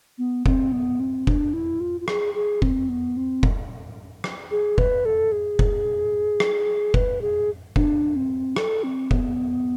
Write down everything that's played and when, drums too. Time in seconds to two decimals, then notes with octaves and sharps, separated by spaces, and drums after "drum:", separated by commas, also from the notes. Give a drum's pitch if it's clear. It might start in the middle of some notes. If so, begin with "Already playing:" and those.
0.18 B3
0.46 C4, drum: kick F1
0.72 B3
1.00 C4
1.27 D4, drum: kick F1
1.53 E4
1.80 F4
2.01 F4
2.08 G#4, drum: rim click
2.35 G#4
2.62 C4, drum: kick F1
2.89 B3
3.17 C4
3.43 drum: kick F1
4.24 drum: rim click
4.51 G#4
4.78 B4, drum: kick F1
5.05 A4
5.32 G#4
5.59 drum: kick F1
6.40 drum: rim click
6.94 B4, drum: kick F1
7.21 G#4
7.76 D4, drum: kick F1
8.16 C4
8.56 A4, drum: rim click
8.84 C4
9.11 B3, drum: kick F1